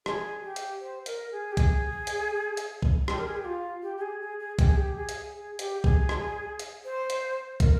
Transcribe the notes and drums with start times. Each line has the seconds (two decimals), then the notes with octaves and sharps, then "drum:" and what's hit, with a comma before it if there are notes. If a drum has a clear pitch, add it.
0.06 G#4, drum: rim click
0.43 G4
0.56 drum: hi-hat
0.81 C5
1.06 A#4, drum: hi-hat
1.32 G#4
1.52 G4
1.57 G#4, drum: kick, hi-hat
2.07 drum: hi-hat
2.57 drum: hi-hat
2.82 drum: kick
3.08 G4, drum: rim click
3.18 A#4
3.27 G#4
3.36 G4
3.45 F4
3.83 G4
3.97 G4
4.01 G#4
4.21 G#4
4.40 G#4
4.59 G4, drum: kick, hi-hat
4.67 G#4
4.76 G4
4.96 G#4
5.09 drum: hi-hat
5.34 G#4
5.59 G4, drum: hi-hat
5.84 G#4, drum: kick
6.09 drum: rim click
6.59 drum: hi-hat
6.85 C5
7.10 drum: hi-hat
7.60 A#4, drum: kick, hi-hat